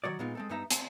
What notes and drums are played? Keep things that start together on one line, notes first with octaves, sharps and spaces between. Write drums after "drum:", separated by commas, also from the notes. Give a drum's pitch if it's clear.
D#3 F#3 F#4 D5
A#2 G#3 B3 D#4 F4
G#3 C4 A4
G2 B3 D#4 E5 A#5
C4, drum: hi-hat